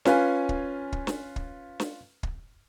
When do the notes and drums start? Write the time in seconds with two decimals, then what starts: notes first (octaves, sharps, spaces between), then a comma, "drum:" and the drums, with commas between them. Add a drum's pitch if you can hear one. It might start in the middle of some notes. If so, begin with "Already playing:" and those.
0.05 C#4 F4 B4 F5 G#5, drum: snare
0.49 drum: kick
0.92 drum: kick
1.07 drum: snare
1.36 drum: kick
1.80 drum: snare
2.23 drum: kick